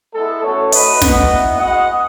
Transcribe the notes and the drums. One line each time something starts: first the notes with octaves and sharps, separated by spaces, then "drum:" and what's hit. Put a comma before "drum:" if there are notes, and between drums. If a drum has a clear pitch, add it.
G#3 B3 E4 A4
A3 C#4 F#4 A4 C#5
A3 D#4 F#4 B4 D#5, drum: open hi-hat
B3 D#4 F#4 D#5 F#5, drum: snare
B3 E4
G#3 B3 F#4 D#5 F#5